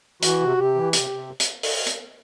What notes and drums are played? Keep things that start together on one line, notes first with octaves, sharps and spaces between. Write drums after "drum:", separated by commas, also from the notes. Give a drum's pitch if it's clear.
E3 F#4, drum: hi-hat
C3
C3 G4
E3
C3 G4, drum: hi-hat
C3
drum: hi-hat
drum: open hi-hat
drum: hi-hat